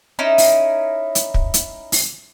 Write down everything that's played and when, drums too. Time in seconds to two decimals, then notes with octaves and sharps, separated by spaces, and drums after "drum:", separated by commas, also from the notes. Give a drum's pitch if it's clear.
0.19 C#4 D#4 E4
0.38 drum: open hi-hat
1.15 drum: hi-hat
1.34 drum: kick
1.54 drum: hi-hat
1.92 drum: open hi-hat